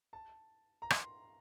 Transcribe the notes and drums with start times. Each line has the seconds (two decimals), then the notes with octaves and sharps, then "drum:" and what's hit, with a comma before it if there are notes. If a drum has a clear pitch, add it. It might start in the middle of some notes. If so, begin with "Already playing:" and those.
0.13 A5
0.82 A#5
0.90 C6, drum: rim click